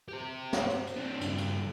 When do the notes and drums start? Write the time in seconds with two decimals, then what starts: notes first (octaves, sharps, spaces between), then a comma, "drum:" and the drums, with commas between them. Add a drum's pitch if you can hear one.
0.08 G4 C5
0.53 drum: snare
0.70 drum: cymbal
0.87 drum: cymbal
0.96 C4 D4
1.21 G2 C#3, drum: cymbal
1.38 drum: cymbal